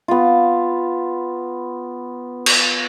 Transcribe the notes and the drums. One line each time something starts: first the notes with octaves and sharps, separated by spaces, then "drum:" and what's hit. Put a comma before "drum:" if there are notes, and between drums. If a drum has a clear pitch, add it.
B3 F4
drum: cymbal